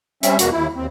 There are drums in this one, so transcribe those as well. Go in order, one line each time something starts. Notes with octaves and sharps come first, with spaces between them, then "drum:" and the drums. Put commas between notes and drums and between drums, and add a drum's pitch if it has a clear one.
G3 C4 C#4 E5, drum: hi-hat
E2 B2 A#3 F#4, drum: hi-hat
D#2 E4
D#2 C4